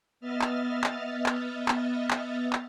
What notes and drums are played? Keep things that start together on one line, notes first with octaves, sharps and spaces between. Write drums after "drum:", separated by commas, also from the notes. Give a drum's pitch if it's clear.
B3 D#5 E5 F6 A6
drum: clap
drum: clap
drum: clap
drum: clap
drum: clap
drum: clap